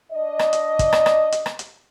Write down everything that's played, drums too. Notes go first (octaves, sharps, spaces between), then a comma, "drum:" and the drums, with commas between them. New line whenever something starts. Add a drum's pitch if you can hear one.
D4 D5 D#5
drum: rim click
drum: hi-hat
drum: kick, hi-hat
drum: rim click
drum: rim click
drum: hi-hat
drum: rim click
drum: hi-hat